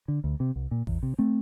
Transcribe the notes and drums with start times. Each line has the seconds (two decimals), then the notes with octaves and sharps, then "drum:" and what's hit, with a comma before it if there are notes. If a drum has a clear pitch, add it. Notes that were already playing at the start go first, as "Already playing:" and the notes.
0.08 D3
0.24 D2
0.40 C3
0.56 C2
0.71 A#2
0.87 E2, drum: kick A1
1.03 C3
1.19 A3 C4